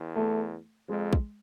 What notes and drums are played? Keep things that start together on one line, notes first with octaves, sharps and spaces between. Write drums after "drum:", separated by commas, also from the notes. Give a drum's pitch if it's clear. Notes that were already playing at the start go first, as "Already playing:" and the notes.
Already playing: E2
A3
F2 G#3
drum: kick